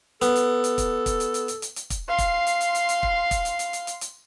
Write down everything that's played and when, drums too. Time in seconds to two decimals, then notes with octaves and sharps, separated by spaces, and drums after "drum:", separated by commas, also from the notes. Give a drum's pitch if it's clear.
0.22 B3 A4, drum: hi-hat
0.36 drum: hi-hat
0.64 drum: hi-hat
0.78 drum: kick, hi-hat
1.06 drum: kick, hi-hat
1.20 drum: hi-hat
1.34 drum: hi-hat
1.48 drum: hi-hat
1.62 drum: hi-hat
1.76 drum: hi-hat
1.90 drum: kick, hi-hat
2.08 F5 C6
2.18 drum: kick, hi-hat
2.47 drum: hi-hat
2.61 drum: hi-hat
2.75 drum: hi-hat
2.89 drum: hi-hat
3.03 drum: kick
3.31 drum: kick, hi-hat
3.45 drum: hi-hat
3.59 drum: hi-hat
3.73 drum: hi-hat
3.87 drum: hi-hat
4.01 drum: hi-hat